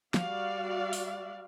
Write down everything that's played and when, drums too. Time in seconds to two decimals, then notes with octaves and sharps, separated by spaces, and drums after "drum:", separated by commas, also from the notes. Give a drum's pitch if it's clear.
0.14 G3 F#4 D5 F5, drum: snare
0.93 drum: open hi-hat